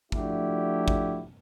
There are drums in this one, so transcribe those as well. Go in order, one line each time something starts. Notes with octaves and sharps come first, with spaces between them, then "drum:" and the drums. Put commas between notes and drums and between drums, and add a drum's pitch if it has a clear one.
F3 A3 D4 E4 F#4 G4, drum: kick
drum: kick